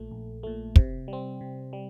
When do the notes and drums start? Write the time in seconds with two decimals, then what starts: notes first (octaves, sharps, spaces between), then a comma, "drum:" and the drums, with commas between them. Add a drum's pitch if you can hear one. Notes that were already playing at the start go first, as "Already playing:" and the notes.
Already playing: A#1 A#2 A3
0.11 A#1
0.43 A#2 A3
0.76 C3, drum: kick
1.08 G3 C4
1.41 C3
1.73 G3